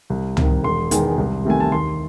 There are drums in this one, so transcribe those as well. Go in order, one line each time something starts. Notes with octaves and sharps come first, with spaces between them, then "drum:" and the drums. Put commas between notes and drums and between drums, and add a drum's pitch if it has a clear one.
C2
C3 D#3, drum: tom
E1 C6
E2 D#3 G#3, drum: hi-hat
C2
C3 D#3 A3 G#5
A5
D#2 C6